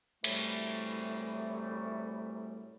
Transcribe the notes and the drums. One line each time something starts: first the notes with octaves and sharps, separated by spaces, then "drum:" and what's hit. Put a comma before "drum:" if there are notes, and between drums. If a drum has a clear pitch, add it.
F#2 A2 C3 E3 G3 A3, drum: cymbal